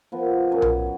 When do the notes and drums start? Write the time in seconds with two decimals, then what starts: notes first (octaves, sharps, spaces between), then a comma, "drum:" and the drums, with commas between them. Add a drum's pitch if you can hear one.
0.12 F3 B3 A#4
0.50 F#2 G#5
0.62 drum: tom B1